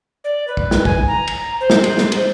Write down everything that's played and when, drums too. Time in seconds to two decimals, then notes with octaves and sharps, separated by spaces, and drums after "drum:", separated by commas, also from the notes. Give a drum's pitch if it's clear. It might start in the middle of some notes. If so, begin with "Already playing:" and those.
0.24 D5
0.48 B4
0.57 drum: kick
0.71 drum: snare
0.85 G#5, drum: kick
1.08 A#5
1.28 drum: cymbal
1.61 C5
1.70 drum: snare
1.84 drum: cymbal
1.98 drum: snare
2.12 drum: cymbal